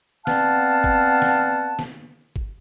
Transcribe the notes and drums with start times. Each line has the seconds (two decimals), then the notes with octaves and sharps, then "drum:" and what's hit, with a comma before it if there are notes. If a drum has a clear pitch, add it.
0.27 B3 C4 D5 F5 F#5 A5, drum: snare
0.84 drum: kick
1.22 drum: snare
1.79 drum: snare
2.36 drum: kick